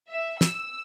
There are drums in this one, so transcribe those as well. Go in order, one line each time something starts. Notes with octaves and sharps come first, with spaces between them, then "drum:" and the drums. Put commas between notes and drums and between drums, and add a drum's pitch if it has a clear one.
E5
E6, drum: snare